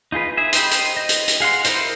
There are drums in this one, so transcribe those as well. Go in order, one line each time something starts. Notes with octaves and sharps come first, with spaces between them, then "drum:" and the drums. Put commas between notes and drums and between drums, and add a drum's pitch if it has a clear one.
D#4 F4 G#4 B4
G#4 E5
C5 D#5 G5 B5, drum: hi-hat
drum: hi-hat
D#5
drum: hi-hat
drum: hi-hat
G#4 F5 F#5 C6
D#4 E4 A#4 C5 D#5, drum: hi-hat